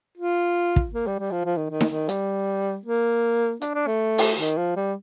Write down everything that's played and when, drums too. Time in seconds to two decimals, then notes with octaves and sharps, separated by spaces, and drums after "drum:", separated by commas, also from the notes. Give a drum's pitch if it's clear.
0.17 F4
0.76 drum: kick
0.94 A#3
1.07 G3
1.19 G3
1.32 F3
1.45 F3
1.57 D#3
1.70 D#3
1.81 drum: snare D#4
1.90 D#3
2.09 G3, drum: hi-hat
2.85 A#3
3.62 D4, drum: hi-hat
3.74 D4
3.87 A3
4.18 drum: open hi-hat
4.38 D#3
4.57 F3
4.76 G3